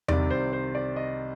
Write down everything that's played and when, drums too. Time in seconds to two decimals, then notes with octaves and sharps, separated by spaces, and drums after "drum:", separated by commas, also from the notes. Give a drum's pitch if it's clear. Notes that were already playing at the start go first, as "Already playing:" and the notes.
0.08 C2 C3 D#3 D5, drum: tom E2
0.30 C5
0.53 C5
0.75 D5
0.96 D#5